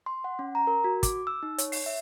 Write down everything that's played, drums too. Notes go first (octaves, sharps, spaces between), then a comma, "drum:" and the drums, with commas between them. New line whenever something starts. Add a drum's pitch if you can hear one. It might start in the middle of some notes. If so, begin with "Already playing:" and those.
C6
F#5
C#4
A#5
A#4
F#4
D6, drum: kick, hi-hat
E6
D#4
C#5, drum: hi-hat
C7, drum: open hi-hat
E5